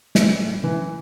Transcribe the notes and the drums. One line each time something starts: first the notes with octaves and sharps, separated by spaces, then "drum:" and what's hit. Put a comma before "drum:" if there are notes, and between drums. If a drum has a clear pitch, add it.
E3, drum: snare
A2
E3